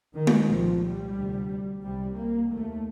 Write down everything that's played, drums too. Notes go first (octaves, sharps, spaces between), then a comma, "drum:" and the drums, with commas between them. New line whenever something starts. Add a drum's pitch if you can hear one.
D#3
drum: tom G#3
C2 A#2 F3
G3
D2 C3
C2 C3 G3
A#3
D#2 A3